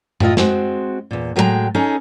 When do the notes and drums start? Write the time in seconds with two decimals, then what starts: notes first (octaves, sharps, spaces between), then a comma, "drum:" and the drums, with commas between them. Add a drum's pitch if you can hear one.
0.20 A2 E4 F4 D#5, drum: tom F#2
0.37 G#3 C4 F#4, drum: snare
1.11 E2 A#2
1.36 A2 F#3 G#3 A#4 G5 A#5
1.75 C#4 D#4 G#4 A4